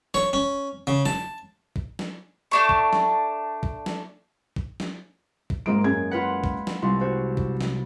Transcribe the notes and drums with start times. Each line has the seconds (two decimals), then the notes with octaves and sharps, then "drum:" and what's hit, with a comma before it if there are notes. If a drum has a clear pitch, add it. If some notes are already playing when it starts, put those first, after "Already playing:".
0.14 C#5, drum: snare
0.33 C#4
0.87 C#3
1.06 A5, drum: snare
1.76 drum: kick
1.99 drum: snare
2.51 A3 D4 C#6
2.69 drum: kick
2.93 drum: snare
3.63 drum: kick
3.86 drum: snare
4.56 drum: kick
4.80 drum: snare
5.50 drum: kick
5.66 G#2 G#3 A#3 F4 D7
5.84 F#2 G#4 G#6
6.11 F4 B4 F#5
6.44 drum: kick
6.67 drum: snare
6.82 C2 F4
7.01 F#4 C5
7.37 drum: kick
7.61 drum: snare